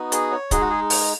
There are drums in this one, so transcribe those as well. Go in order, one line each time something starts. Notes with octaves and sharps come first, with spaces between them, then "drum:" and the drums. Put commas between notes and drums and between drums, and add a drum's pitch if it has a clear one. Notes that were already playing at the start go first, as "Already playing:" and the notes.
Already playing: B3 D#4 F#4
G#4, drum: hi-hat
C#5
G#3 D#4 F#4 G#4, drum: kick D1, hi-hat
F#4
G#4
drum: open hi-hat